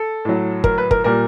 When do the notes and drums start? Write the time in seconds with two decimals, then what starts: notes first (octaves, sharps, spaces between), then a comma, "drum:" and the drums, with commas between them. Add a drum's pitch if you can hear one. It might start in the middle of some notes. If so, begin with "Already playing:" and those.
Already playing: A4
0.25 A2 F#3
0.64 A#4, drum: kick
0.78 B4
0.91 A#4, drum: kick
1.04 A#2 G3 A#4